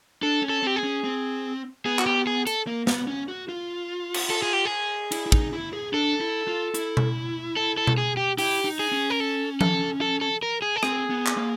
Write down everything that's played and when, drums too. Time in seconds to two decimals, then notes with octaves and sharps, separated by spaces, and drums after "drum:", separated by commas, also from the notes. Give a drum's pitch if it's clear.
0.22 D4 A4
0.43 C#4
0.49 A4
0.63 C4 G4
0.76 G#4
0.84 C#4
1.04 C4
1.85 B3 G#4
1.99 F#4, drum: clap
2.06 G4
2.27 G#4
2.47 A4, drum: hi-hat
2.67 A#3
2.87 B3, drum: snare
3.07 C#4
3.28 F#4
3.49 F4
4.14 drum: cymbal
4.30 A4
4.42 G#4
4.53 G4
4.65 G#4
5.12 E4, drum: cymbal
5.26 E4
5.32 D#4, drum: kick
5.53 E4
5.73 G#4
5.93 D4 A4
6.21 E4
6.48 F4
6.74 E4, drum: hi-hat
6.97 drum: tom B2
7.57 A4
7.77 A4
7.87 drum: tom B2
7.98 G#4
8.17 G4
8.38 E4 G4, drum: open hi-hat
8.65 D#4
8.79 G#4
8.92 C#4
9.10 A#4
9.20 A4
9.61 A4, drum: tom F3
10.01 A4
10.21 A4
10.43 A#4
10.62 G#4
10.76 A4
10.83 C4 G#4, drum: rim click
11.10 B3
11.27 drum: clap
11.37 A#3